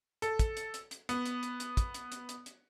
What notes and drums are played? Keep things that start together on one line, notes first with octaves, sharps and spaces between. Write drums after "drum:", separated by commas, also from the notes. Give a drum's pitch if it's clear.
A4, drum: hi-hat
drum: kick, hi-hat
drum: hi-hat
drum: hi-hat
drum: hi-hat
B3, drum: hi-hat
drum: hi-hat
drum: hi-hat
drum: hi-hat
drum: kick, hi-hat
drum: hi-hat
drum: hi-hat
drum: hi-hat
drum: hi-hat